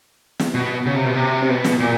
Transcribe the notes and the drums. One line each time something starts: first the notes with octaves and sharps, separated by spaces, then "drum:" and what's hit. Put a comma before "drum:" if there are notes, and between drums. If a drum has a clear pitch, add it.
drum: snare
B2
C#3
C3
B2
C3
C3
B2
drum: snare
A#2